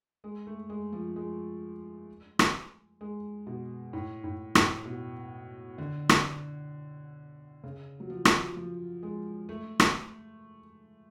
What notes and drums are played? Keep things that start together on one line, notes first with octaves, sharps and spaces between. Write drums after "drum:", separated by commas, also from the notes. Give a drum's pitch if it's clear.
G#3
A3
G#3
F3
G#3
drum: rim click
G#3
B2
A2
A2
A2, drum: rim click
B2
D3
drum: rim click
C#3
F#3
F3
drum: rim click
F3
G#3
A3
drum: rim click